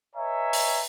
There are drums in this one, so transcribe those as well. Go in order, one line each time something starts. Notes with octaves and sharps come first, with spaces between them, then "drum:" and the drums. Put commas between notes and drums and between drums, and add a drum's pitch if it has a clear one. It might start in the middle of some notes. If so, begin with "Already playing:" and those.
B4 C#5 D#5 E5 G#5 A#5
drum: open hi-hat